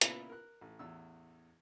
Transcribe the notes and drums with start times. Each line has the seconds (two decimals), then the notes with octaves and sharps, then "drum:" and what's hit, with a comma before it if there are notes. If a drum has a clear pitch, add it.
0.01 A#2 C#3 B3 E4 F4, drum: hi-hat
0.29 A#4 F#6
0.61 A1
0.79 A1 E2 E6